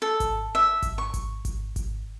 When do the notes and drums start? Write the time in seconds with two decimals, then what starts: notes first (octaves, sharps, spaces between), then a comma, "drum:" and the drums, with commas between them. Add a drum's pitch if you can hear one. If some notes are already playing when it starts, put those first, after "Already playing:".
0.02 A4
0.20 drum: kick G#1, hi-hat
0.55 E5
0.82 drum: kick G#1, hi-hat
0.98 C#6
1.14 drum: kick G#1, hi-hat
1.45 drum: kick G#1, hi-hat
1.76 drum: kick G#1, hi-hat